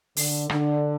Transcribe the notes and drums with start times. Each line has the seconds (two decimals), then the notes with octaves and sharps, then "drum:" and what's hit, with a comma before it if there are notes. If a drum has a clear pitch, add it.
0.17 D3, drum: open hi-hat
0.50 D3, drum: rim click